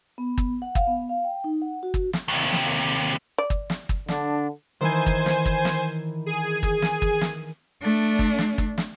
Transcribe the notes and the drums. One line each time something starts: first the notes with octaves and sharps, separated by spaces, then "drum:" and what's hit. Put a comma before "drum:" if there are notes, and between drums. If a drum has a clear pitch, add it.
B3
drum: kick
F#5
F5, drum: kick
B3
F5
G5
D#4
F#5
F#4
drum: kick
drum: snare
D#2 C3
drum: snare
D5
drum: kick
drum: snare
drum: kick
D3 D4, drum: snare
D#3 E3 C5 G#5
drum: kick
drum: snare
drum: kick
drum: snare
G#4 G#5 D#7
drum: kick
drum: snare
drum: kick
drum: snare
A3 D4
drum: kick
drum: snare
drum: kick
drum: snare